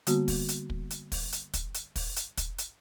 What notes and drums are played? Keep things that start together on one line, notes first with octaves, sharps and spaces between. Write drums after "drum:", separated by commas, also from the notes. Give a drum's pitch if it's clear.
D3 G3 A#3 B3 F#4, drum: hi-hat
drum: kick, open hi-hat
drum: hi-hat
drum: kick
drum: hi-hat
drum: kick, open hi-hat
drum: hi-hat
drum: kick, hi-hat
drum: hi-hat
drum: kick, open hi-hat
drum: hi-hat
drum: kick, hi-hat
drum: hi-hat